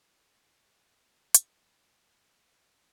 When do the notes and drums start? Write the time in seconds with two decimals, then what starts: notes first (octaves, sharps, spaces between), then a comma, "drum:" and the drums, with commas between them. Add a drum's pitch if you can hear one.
0.27 D5 A#5 A6 F7
0.77 G2 D3 A#3 G5
1.35 C#6 D#6 C#7 F7, drum: hi-hat
2.18 E4 D5 A5 A6
2.55 C3 D#3 E3 A#5